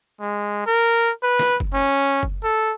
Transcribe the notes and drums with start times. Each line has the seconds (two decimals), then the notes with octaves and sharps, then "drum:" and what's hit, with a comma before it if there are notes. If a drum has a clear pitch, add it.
0.21 G#3
0.66 A#4
1.23 B4
1.39 drum: snare
1.60 drum: kick F#1
1.74 C#4
2.23 drum: kick F#1
2.44 A4